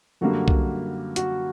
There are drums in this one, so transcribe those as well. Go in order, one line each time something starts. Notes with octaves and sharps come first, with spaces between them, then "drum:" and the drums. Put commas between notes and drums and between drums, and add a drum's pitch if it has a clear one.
F#2 D3 G3 A#3 F#4
drum: kick B1
F#4, drum: hi-hat